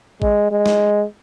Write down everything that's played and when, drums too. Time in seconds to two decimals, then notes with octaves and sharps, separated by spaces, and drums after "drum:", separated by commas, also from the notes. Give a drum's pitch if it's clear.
0.22 G#3, drum: kick A1
0.51 G#3
0.66 drum: snare